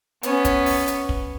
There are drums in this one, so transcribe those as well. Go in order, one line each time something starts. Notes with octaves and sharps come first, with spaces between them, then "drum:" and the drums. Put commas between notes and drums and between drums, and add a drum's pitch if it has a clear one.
B3 C#4, drum: hi-hat
drum: kick, hi-hat
drum: open hi-hat
drum: hi-hat
drum: kick